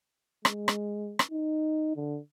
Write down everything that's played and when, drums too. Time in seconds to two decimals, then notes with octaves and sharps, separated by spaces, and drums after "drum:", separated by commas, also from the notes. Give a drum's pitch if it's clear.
0.45 G#3, drum: rim click
0.68 drum: rim click
1.19 drum: rim click
1.31 D#4
1.96 D3